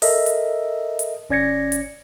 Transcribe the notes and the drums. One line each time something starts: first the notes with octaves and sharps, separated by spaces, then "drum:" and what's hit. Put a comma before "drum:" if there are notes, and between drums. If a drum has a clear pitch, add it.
A4 A#4 D#5 E5, drum: open hi-hat
drum: hi-hat
drum: hi-hat
G1 C#4 D5 G#6 A#6 C#7
drum: hi-hat